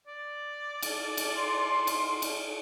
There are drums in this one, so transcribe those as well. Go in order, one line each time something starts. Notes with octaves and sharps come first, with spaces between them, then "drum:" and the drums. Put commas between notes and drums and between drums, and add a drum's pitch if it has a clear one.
D5
drum: cymbal
drum: cymbal
C6
drum: cymbal
drum: cymbal